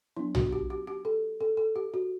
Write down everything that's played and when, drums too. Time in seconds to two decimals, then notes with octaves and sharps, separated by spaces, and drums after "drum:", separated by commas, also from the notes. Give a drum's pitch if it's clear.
0.16 F#3 B3 D4 E4
0.35 F#4, drum: tom
0.52 G4
0.70 G4
0.87 G4
1.05 A4
1.41 A4
1.57 A4
1.76 G4
1.94 F#4